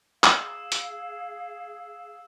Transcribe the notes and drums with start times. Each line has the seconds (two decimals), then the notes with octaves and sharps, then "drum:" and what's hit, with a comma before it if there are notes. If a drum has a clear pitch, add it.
0.24 G#4 F5 E6 E7, drum: clap
0.72 drum: hi-hat